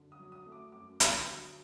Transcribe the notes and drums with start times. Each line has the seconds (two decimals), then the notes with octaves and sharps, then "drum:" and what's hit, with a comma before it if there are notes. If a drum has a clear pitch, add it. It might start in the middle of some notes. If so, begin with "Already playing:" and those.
Already playing: F#2 D3
0.12 D#6
0.19 F#3
0.32 D#6
0.46 A3
0.52 D6
0.72 F#2 D6
1.00 D3 D#6, drum: hi-hat
1.27 F#3